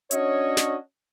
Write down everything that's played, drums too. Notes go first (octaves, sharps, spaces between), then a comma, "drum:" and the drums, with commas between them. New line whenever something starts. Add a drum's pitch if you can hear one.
C#4 D4 F#4 C#5 D#5, drum: hi-hat
drum: snare